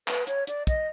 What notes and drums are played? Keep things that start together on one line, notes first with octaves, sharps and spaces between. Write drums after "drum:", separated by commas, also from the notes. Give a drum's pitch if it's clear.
B4, drum: clap
C#5, drum: hi-hat
D5, drum: hi-hat
D#5, drum: kick, hi-hat